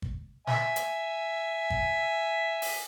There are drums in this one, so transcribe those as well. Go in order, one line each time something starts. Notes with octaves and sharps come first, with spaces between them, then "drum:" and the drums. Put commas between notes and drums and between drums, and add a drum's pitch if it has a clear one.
drum: kick
E5 G#5, drum: snare
drum: hi-hat
drum: kick
drum: open hi-hat